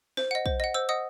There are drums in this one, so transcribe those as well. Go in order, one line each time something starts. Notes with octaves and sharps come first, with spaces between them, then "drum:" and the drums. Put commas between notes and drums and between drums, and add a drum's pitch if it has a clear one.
C5, drum: snare
D#5 F#5
C5, drum: kick
D#5 F#5
C5 E6
D#5 F#5 D#6